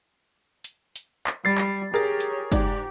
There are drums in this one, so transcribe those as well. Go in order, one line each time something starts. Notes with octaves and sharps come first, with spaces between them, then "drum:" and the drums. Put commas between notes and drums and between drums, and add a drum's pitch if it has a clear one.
drum: hi-hat
drum: hi-hat
drum: clap
G3 A6 C7
drum: clap
G4 G#4 A#4 C#5 A6
drum: hi-hat
G#2 G4 D5, drum: kick, hi-hat